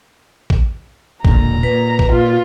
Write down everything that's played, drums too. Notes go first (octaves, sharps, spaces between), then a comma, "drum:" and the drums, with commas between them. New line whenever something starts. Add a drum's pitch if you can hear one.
drum: kick A1
E1 A#2 D3 A#5, drum: kick A1
A#2 B4
drum: kick A1
A#2 F4